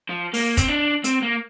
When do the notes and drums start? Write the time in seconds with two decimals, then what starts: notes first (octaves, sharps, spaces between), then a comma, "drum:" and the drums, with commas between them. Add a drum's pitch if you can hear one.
0.09 F3
0.34 A#3, drum: open hi-hat
0.57 C4, drum: kick, hi-hat
0.69 D4
1.04 C4, drum: hi-hat
1.23 A#3